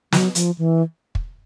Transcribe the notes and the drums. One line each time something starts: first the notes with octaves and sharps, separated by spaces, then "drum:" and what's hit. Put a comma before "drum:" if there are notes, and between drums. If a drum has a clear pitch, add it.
F#3, drum: snare
F3, drum: hi-hat
E3
drum: kick